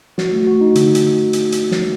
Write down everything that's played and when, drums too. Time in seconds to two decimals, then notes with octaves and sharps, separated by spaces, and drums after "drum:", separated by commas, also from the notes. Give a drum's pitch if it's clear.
0.18 F#4, drum: snare
0.33 A3
0.47 F#4
0.61 D#4
0.75 D3, drum: hi-hat
0.95 drum: hi-hat
1.33 drum: hi-hat
1.52 drum: hi-hat
1.71 drum: snare